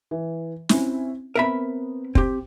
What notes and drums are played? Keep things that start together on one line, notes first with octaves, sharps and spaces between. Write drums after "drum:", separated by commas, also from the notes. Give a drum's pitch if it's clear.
E3
C4 C#4 E4, drum: snare
B3 C4 A#4 E5 B5
C4 G4, drum: kick